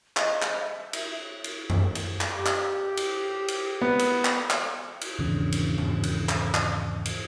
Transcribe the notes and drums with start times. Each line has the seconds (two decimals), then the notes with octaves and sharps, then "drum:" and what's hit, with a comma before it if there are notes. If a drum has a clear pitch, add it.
0.17 D#5, drum: clap
0.42 drum: clap
0.61 E5
0.93 drum: cymbal
1.44 drum: cymbal
1.70 drum: tom F#2
1.95 drum: cymbal
2.21 drum: clap
2.33 G4
2.46 drum: clap
2.97 drum: cymbal
3.48 drum: cymbal
3.82 B3
3.99 drum: cymbal
4.25 drum: clap
4.50 drum: clap
5.01 drum: cymbal
5.19 G#1 E2 C#3 D4
5.52 drum: cymbal
5.78 drum: tom G#2
6.03 drum: cymbal
6.29 drum: clap
6.54 drum: clap
7.05 drum: cymbal